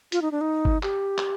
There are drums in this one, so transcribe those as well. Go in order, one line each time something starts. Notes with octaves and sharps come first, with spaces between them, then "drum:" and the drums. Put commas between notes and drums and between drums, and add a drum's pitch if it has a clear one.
F4, drum: hi-hat
D#4
D4
D#4
drum: kick G1
G4, drum: clap
drum: clap